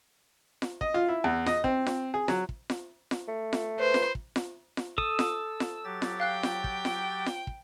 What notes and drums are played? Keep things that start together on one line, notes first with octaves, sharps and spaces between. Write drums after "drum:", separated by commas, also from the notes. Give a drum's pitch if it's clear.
drum: snare F4
D#5, drum: kick
F4
E4
E2
D#5, drum: snare F4
C4, drum: kick
drum: snare F4
G#4
F#3, drum: snare F4
drum: kick
drum: snare F4
drum: snare F4
A3
drum: snare F4
B4 C5
drum: snare F4
drum: kick
drum: snare F4
drum: snare F4
A4 D#6 E6, drum: kick
drum: snare F4
drum: snare F4
F#3 G4 A6
drum: snare F4
F5 G5 F#6 C7
drum: snare F4
drum: kick
drum: snare F4
drum: snare F4
drum: kick